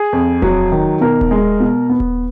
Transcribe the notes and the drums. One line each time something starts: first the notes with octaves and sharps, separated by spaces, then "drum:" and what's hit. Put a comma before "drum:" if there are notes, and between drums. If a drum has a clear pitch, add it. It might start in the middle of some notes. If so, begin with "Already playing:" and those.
Already playing: G#4
F2
F#3, drum: kick D#1
D#3
B2 A#4
drum: kick D#1
G#3
B2
B3
drum: kick D#1